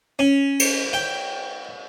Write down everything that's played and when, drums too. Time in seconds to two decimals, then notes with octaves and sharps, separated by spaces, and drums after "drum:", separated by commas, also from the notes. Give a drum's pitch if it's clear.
0.19 C#4
0.59 drum: cymbal
0.93 G5